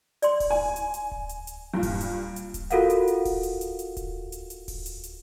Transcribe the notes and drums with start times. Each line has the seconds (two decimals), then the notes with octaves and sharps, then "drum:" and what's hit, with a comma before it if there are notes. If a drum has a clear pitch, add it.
0.22 D5 C6, drum: hi-hat
0.40 drum: kick D1, open hi-hat
0.50 G#5
0.76 drum: hi-hat
0.94 drum: hi-hat
1.11 drum: kick D1
1.29 drum: hi-hat
1.47 drum: hi-hat
1.74 G2 A#2
1.83 drum: kick D1, open hi-hat
2.01 drum: hi-hat
2.36 drum: hi-hat
2.54 drum: kick D1, hi-hat
2.70 F4 F#4 A4 A#4 F5 F#5, drum: hi-hat
2.90 drum: hi-hat
3.07 drum: hi-hat
3.25 drum: kick D1, open hi-hat
3.43 drum: hi-hat
3.61 drum: hi-hat
3.79 drum: hi-hat
3.97 drum: kick D1, hi-hat
4.32 drum: hi-hat
4.50 drum: hi-hat
4.68 drum: kick D1, open hi-hat
4.86 drum: hi-hat
5.03 drum: hi-hat